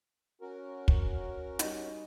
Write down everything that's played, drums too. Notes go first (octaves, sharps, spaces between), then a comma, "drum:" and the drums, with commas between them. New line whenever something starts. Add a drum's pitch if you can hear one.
C#4 F#4 A#4
drum: kick
G3 D#4, drum: hi-hat